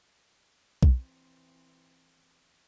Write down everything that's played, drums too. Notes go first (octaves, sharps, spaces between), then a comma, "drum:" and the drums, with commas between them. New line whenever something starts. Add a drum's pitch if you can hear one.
E3 C4, drum: kick B1